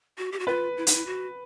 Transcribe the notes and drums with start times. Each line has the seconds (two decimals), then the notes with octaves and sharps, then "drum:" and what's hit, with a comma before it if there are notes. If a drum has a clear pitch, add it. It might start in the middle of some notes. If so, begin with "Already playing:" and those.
0.18 F#4
0.32 G4
0.40 F#4
0.47 F4 B4
0.77 E4
0.87 D#4, drum: hi-hat
0.95 E4
1.06 F#4